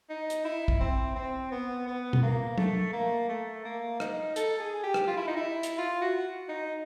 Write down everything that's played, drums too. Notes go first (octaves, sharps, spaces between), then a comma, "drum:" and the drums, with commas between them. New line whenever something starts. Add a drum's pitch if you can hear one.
D#4
drum: hi-hat
E4
drum: kick
C4
C4
B3
B3
drum: tom
A#3
A3, drum: tom
A#3
A3
A#3
D#4, drum: rim click
A4, drum: hi-hat
G#4
G4
drum: rim click
F4
E4
D#4
E4
drum: hi-hat
F4
F#4
D#4